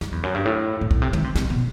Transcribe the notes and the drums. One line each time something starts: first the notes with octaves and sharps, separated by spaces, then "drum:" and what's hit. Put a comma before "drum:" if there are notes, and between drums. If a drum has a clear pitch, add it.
F#2, drum: snare
E2
F#2
G2
A2
A2
B2, drum: kick
C3
D#3, drum: tom
C3
C3, drum: snare
B2